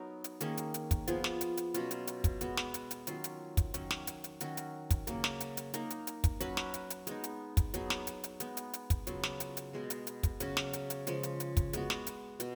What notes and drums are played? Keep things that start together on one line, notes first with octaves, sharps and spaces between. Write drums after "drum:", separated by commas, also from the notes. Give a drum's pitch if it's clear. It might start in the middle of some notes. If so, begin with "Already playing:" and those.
Already playing: F#3 B3 D#4 A#4
drum: hi-hat
D#3 A#3 C#4 G#4, drum: hi-hat
drum: hi-hat
drum: hi-hat
drum: kick, hi-hat
F3 B3 F4 G#4, drum: hi-hat
drum: snare
drum: hi-hat
drum: hi-hat
B2 F#3 C#4 F4, drum: hi-hat
drum: hi-hat
drum: hi-hat
drum: kick, hi-hat
G#3 B3 F#4, drum: hi-hat
drum: snare
drum: hi-hat
drum: hi-hat
D#3 F#3 C#4 F4, drum: hi-hat
drum: hi-hat
drum: kick, hi-hat
D#3 F#3 C#4, drum: hi-hat
drum: snare
drum: hi-hat
drum: hi-hat
D#3 F#3 C#4 F#4, drum: hi-hat
drum: hi-hat
drum: kick, hi-hat
C#3 F#3 A#3, drum: hi-hat
drum: snare
drum: hi-hat
drum: hi-hat
A#3 D#4 A#4, drum: hi-hat
drum: hi-hat
drum: hi-hat
drum: kick, hi-hat
F#3 C#4 F#4 B4, drum: hi-hat
drum: snare
drum: hi-hat
drum: hi-hat
G#3 B3 D#4, drum: hi-hat
drum: hi-hat
drum: kick, hi-hat
F#3 B3 D#4 G#4, drum: hi-hat
drum: snare
drum: hi-hat
drum: hi-hat
G#3 B3 D#4, drum: hi-hat
drum: hi-hat
drum: hi-hat
drum: kick, hi-hat
C#3 F#3 B3 F4, drum: hi-hat
drum: snare
drum: hi-hat
drum: hi-hat
B2 G#3 B3
drum: hi-hat
drum: hi-hat
drum: kick, hi-hat
C#3 F#3 C#4 F#4, drum: hi-hat
drum: snare
drum: hi-hat
drum: hi-hat
C#3 F3 G#3, drum: hi-hat
drum: hi-hat
drum: hi-hat
drum: kick, hi-hat
G#3 B3 F#4, drum: hi-hat
drum: snare
drum: hi-hat
B2, drum: hi-hat